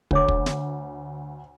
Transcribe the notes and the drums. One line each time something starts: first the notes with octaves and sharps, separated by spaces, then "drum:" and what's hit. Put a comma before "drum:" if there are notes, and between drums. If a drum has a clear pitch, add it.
D2 D4 C#5 D6, drum: kick
drum: kick
drum: snare